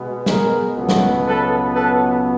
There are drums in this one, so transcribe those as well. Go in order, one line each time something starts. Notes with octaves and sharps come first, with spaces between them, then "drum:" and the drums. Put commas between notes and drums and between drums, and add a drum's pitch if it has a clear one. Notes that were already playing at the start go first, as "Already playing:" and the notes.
Already playing: B2 G#3 B3
G#4 A#4, drum: snare
C#2 B2 F#3 B3
drum: snare
A4 B4
A4 B4